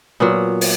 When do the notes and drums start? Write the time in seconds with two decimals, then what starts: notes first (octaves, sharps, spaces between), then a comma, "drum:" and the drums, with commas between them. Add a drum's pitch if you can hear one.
0.20 A#2 F#3 B3
0.61 drum: open hi-hat